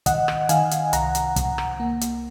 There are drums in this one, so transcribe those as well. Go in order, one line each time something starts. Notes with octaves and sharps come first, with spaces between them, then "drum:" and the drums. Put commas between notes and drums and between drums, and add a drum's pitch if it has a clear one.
D#3 D#5 F#5, drum: kick, hi-hat
drum: rim click
D#3 F5 G#5, drum: hi-hat
drum: hi-hat
C2 F#5 A#5, drum: hi-hat
drum: hi-hat
C2, drum: kick, hi-hat
drum: rim click
A#3
drum: hi-hat